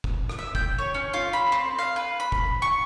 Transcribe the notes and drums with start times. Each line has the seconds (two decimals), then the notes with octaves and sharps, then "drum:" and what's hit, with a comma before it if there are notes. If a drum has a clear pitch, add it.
0.04 drum: kick
0.29 drum: rim click
0.39 E5
0.55 G5, drum: kick
0.78 C#5
0.94 C#4
1.14 F4
1.33 B5
1.52 C4
1.79 F5
1.96 B4
2.20 B5
2.32 drum: kick
2.62 C#6